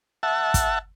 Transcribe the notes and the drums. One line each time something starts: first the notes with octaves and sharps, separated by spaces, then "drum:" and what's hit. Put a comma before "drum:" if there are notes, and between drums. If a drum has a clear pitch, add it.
E5 F#5 A5
drum: kick, hi-hat